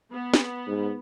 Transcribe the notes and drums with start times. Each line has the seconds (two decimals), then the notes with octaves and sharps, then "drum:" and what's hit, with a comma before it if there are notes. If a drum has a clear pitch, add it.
0.14 B3
0.34 drum: snare
0.67 G#2